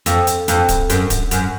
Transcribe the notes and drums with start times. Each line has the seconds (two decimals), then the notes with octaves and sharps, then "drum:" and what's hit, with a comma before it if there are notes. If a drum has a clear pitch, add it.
0.06 F2, drum: hi-hat
0.27 drum: hi-hat
0.48 F2, drum: hi-hat
0.69 drum: kick D1, hi-hat
0.90 F#2, drum: hi-hat
1.10 drum: kick D1, hi-hat
1.31 F#2, drum: hi-hat